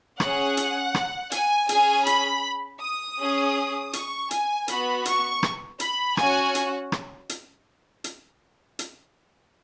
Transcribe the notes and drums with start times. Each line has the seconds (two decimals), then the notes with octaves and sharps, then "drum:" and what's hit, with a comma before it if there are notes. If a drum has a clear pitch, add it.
0.20 C#4 G#4 F#5, drum: rim click
0.57 drum: hi-hat
0.94 drum: rim click
1.32 G#5, drum: hi-hat
1.69 C#4 G#4 G#5, drum: hi-hat
2.06 B5, drum: hi-hat
2.81 D#6
3.18 C#4 G#4
3.93 C#6, drum: hi-hat
4.31 G#5, drum: hi-hat
4.68 B3 F#4 B5, drum: hi-hat
5.05 C#6, drum: hi-hat
5.43 drum: rim click
5.80 B5, drum: hi-hat
6.17 C#4 F#4 G#5, drum: rim click
6.55 drum: hi-hat
6.92 drum: rim click
7.29 drum: hi-hat
8.04 drum: hi-hat
8.79 drum: hi-hat